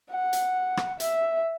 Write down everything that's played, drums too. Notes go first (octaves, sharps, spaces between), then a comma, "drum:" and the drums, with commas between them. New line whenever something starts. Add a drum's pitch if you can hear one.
F#5
drum: hi-hat
drum: rim click
E5, drum: hi-hat